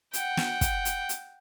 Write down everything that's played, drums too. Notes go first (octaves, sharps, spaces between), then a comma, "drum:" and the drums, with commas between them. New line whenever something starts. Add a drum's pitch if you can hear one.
F#5 G5, drum: hi-hat
drum: snare
drum: kick, hi-hat
drum: hi-hat
drum: hi-hat